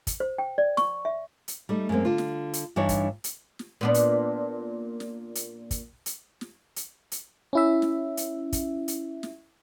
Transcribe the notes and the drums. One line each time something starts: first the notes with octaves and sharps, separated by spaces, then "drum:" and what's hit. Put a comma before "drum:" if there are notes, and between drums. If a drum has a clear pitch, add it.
drum: kick, hi-hat
C5
G5
D5
C#6, drum: snare
E5
drum: hi-hat
G3 A3 D#4
F#2 G#3 A#3 C4
D3 F4
drum: snare
drum: hi-hat
G2 E3 D4 D#4 C#5
drum: kick, hi-hat
drum: hi-hat
drum: snare
A#2 B3 D4
drum: hi-hat
drum: snare
drum: hi-hat
drum: kick, hi-hat
drum: hi-hat
drum: snare
drum: hi-hat
drum: hi-hat
C#4 E4 E5
drum: snare
drum: hi-hat
drum: kick, hi-hat
drum: hi-hat
drum: snare